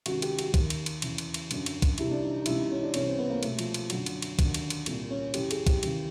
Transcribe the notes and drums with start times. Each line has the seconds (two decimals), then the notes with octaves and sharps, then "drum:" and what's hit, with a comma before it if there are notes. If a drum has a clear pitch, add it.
0.06 C#2 C3 D#3 F#4, drum: cymbal
0.22 G4, drum: cymbal
0.39 F#4, drum: cymbal
0.54 D#2 D#3, drum: kick, cymbal
0.70 drum: cymbal
0.86 drum: cymbal
1.02 E2 C#3 E3, drum: cymbal
1.18 drum: cymbal
1.34 drum: cymbal
1.51 F#2 D3, drum: cymbal
1.66 drum: cymbal
1.82 drum: kick, cymbal
1.98 C2 C3 E3 E4, drum: cymbal
2.11 D4
2.22 D#4
2.40 D#4
2.46 C#2 C3 E3 E4, drum: cymbal
2.58 D#4
2.71 C#4
2.83 D4
2.94 C2 C3 E3 C#4, drum: cymbal
3.07 C4
3.19 B3
3.30 A#3
3.43 C2 B2 A3, drum: cymbal
3.59 F3, drum: cymbal
3.74 drum: cymbal
3.90 F#2 D3 F#3, drum: cymbal
4.06 drum: cymbal
4.22 drum: cymbal
4.39 D#2 D3, drum: kick, cymbal
4.54 drum: cymbal
4.70 drum: cymbal
4.86 C2 A#2, drum: cymbal
5.10 C#4
5.34 F#2 C#3 E3 G4, drum: cymbal
5.51 G#4, drum: cymbal
5.67 G4, drum: kick, cymbal
5.83 D#2 C#3 E3, drum: cymbal